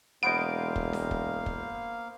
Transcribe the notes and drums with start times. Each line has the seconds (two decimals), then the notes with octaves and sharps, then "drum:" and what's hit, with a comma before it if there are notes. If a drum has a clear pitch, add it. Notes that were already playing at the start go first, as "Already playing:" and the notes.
0.23 E1 A#3 B3 C5 D#5 F5 D7
0.76 drum: kick
0.93 drum: snare D4
1.11 drum: kick
1.46 drum: kick